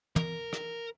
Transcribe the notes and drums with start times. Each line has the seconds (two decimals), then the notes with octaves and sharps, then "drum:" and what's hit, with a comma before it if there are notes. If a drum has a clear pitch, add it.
0.16 A#4, drum: tom
0.53 drum: rim click